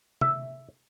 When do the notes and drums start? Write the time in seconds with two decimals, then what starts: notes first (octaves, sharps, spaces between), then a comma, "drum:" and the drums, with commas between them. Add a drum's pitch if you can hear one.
0.21 E5, drum: tom C3